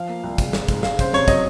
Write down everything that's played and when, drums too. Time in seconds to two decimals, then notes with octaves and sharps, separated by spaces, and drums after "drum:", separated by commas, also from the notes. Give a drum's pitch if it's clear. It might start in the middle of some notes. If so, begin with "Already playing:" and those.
Already playing: F3 F5
0.09 A#3
0.24 C2
0.38 G#3, drum: kick, hi-hat
0.53 G#2, drum: snare
0.68 G#2, drum: kick, hi-hat
0.83 G#3 F5, drum: snare
0.99 C#4 C5, drum: kick, hi-hat
1.13 C3 C#5, drum: snare
1.28 F#3 D#5, drum: kick, hi-hat